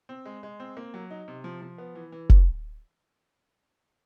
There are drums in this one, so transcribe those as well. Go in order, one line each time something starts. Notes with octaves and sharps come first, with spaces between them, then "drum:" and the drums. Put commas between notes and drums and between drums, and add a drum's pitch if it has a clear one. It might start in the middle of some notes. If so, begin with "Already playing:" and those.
C4
G#3
G#3
C4
A#3
F#3
D#4
C3
F3
F3
B3
E3
E3
drum: kick